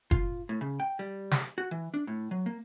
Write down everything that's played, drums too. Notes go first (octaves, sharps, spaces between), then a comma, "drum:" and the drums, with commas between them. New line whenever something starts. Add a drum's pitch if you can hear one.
F4, drum: kick F#1
A2
C#3
G5
G3
drum: snare
F#4
E3
D4
A2
F#3
A#3